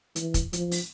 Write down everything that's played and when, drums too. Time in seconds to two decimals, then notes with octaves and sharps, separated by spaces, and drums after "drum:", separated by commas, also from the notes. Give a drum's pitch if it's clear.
0.16 E3, drum: hi-hat
0.34 drum: kick, hi-hat
0.53 F3, drum: hi-hat
0.71 drum: open hi-hat